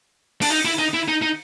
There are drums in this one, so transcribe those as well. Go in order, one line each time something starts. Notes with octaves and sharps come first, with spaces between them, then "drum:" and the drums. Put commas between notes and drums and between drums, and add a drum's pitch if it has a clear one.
D4, drum: open hi-hat
D#4
E4
D#4
E4
D#4
D#4